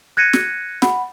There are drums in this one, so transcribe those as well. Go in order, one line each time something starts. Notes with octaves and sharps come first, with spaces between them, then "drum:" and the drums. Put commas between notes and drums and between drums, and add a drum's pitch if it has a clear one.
F#6 G#6 A#6 C#7 D#7
drum: snare
F#5 B5, drum: snare